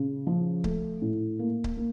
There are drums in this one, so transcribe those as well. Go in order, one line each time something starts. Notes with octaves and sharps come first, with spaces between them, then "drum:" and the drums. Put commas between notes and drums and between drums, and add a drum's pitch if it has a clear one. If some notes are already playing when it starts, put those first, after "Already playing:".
Already playing: C#3
F3
A3, drum: kick C#1
A2
A#3
drum: kick C#1
A#3